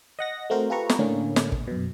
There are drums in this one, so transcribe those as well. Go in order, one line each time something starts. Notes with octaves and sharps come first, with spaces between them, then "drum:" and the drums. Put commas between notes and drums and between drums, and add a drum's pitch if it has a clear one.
D#5 F#5 A#6
A3 C4 F#4 A#4 C5
F4 G4 A4 B4 A#5 C#6
drum: snare
A2 D3 A#3 C#4
drum: snare
drum: kick
F#2 B2